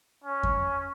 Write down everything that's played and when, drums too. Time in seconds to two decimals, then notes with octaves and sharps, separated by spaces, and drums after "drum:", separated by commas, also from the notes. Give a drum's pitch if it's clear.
0.24 C#4
0.43 drum: kick F2